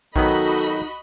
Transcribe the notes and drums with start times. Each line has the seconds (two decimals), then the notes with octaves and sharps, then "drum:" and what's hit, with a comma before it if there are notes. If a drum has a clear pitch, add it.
0.16 D#3 F#3 B3 D#4 F#4 A4 D#5 B5, drum: kick A#1